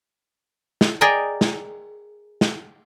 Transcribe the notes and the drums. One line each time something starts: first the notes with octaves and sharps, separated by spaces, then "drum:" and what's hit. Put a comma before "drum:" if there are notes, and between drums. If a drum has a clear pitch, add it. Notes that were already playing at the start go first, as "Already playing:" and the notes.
drum: snare
G#4 A#4 D5 D#5 G5
drum: snare
drum: snare